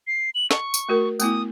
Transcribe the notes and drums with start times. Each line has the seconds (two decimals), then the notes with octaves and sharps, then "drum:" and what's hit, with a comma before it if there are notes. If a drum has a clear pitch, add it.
0.07 C7
0.35 F#7
0.51 C#6, drum: snare
0.74 drum: tambourine
0.89 A3 F#4 A#4
1.20 A3 B3 E4 D#6, drum: tambourine